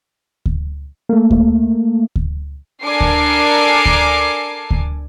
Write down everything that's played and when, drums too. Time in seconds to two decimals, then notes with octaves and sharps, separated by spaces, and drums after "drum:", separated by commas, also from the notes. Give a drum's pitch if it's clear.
0.46 drum: kick D2
1.09 A3 A#3
1.31 drum: kick D2
2.16 drum: kick D2
2.83 D4 A4 A#4 G#5 D6 C7
3.01 drum: kick D2
3.86 drum: kick D2
4.71 drum: kick D2